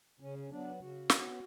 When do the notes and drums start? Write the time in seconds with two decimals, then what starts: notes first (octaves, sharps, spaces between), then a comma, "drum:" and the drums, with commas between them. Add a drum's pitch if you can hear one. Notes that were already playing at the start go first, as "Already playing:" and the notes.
0.20 C#3 C#4
0.39 C#4
0.50 F#3 B3 D4
0.80 C#3 F#4
1.10 F#3 B3, drum: snare